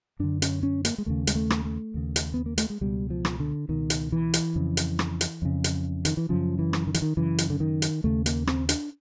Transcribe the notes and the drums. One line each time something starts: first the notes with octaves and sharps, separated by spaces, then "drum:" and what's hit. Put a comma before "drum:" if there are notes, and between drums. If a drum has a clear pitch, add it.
F#2 D3 D4
C#4, drum: hi-hat
C#4
A#3, drum: hi-hat
G#3
D#2 C#3 A3
G#3, drum: hi-hat
A3
drum: rim click
A3
D#2 C#3
drum: hi-hat
B3
A#3
A3, drum: hi-hat
G#3
C#2 B2 G3
F3
drum: rim click
D3
C#2 B2 D#3
drum: hi-hat
E3
drum: hi-hat
F2 C#3
drum: hi-hat
drum: rim click
drum: hi-hat
F2 C#3
drum: hi-hat
D#3, drum: hi-hat
E3
F#2 C#3 F3
E3
drum: rim click
D#3
E3, drum: hi-hat
D#3
F#2 C#3 E3
drum: hi-hat
D3
D#3
drum: hi-hat
D#2 C#3 A3
A#3, drum: hi-hat
C4, drum: rim click
D4, drum: hi-hat